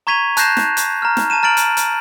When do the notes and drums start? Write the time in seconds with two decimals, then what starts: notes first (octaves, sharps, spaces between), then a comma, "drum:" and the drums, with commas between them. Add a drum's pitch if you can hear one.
0.07 A#5 C#6 G#6 B6 D#7 F7
0.37 A5 F#6 G6 A#6 C7 E7, drum: hi-hat
0.57 drum: snare
0.77 drum: hi-hat
1.02 A#5 F6
1.17 drum: snare
1.30 A5 A#5 D#7 E7
1.43 A#5 F6 A6 D7 F#7
1.57 drum: hi-hat
1.77 drum: hi-hat